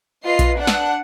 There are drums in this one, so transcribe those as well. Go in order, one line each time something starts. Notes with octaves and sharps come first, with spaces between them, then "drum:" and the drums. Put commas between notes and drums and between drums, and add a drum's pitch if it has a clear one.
F4 B4 D#5 C7
drum: kick A#1, hi-hat
D4 F#5 F#6
drum: snare